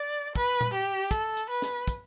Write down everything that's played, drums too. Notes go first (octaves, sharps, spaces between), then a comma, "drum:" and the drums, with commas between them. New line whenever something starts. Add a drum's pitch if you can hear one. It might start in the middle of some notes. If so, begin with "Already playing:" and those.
Already playing: D5
B4, drum: kick
drum: tom A#2
G4
A4, drum: kick, hi-hat
drum: hi-hat
B4
drum: snare
drum: kick, hi-hat